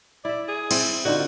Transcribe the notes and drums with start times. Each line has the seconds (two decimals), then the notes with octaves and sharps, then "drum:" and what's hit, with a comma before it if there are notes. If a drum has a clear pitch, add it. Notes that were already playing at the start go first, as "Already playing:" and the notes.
0.25 E4 D5 E5
0.48 G#4
0.71 C4 E4, drum: cymbal
1.05 D3 D#4 F4 F#4